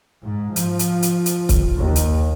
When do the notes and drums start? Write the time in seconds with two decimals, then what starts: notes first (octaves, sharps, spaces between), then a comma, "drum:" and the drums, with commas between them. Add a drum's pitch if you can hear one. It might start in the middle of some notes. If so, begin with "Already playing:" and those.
0.23 G#2
0.56 F3, drum: hi-hat
0.79 drum: hi-hat
1.02 drum: hi-hat
1.26 drum: hi-hat
1.49 drum: kick C#1, hi-hat
1.77 D#2
1.96 drum: hi-hat